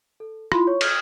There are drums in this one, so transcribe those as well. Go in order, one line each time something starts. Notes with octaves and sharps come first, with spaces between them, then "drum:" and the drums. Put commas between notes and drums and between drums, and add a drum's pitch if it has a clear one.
A4
E4 F4 B5 C6, drum: rim click
C#5 C#6
D#6 F6 G6 G#6, drum: cymbal